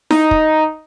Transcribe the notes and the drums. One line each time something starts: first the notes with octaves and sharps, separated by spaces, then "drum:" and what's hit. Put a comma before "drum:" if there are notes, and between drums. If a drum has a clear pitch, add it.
D#4, drum: snare E4
drum: kick